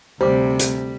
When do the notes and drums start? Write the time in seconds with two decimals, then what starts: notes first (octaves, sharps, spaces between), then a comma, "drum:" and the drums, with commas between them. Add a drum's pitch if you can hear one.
0.21 D2 C3 G3 C5 D6
0.59 drum: hi-hat